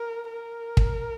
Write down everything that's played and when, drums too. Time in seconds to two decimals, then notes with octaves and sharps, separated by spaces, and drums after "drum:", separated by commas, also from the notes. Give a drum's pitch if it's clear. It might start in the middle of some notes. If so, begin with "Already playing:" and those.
Already playing: A#4
0.31 A#4
0.77 drum: kick